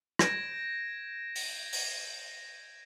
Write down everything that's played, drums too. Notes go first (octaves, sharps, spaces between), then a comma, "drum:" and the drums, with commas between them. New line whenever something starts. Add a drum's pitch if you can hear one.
G6 G#6 A#6 D7 E7, drum: rim click
drum: open hi-hat
drum: open hi-hat